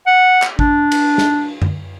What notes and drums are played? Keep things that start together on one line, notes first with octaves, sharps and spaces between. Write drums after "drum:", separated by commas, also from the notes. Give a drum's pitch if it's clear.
F#5
drum: clap
D4, drum: kick
drum: cymbal
drum: snare
drum: tom F#2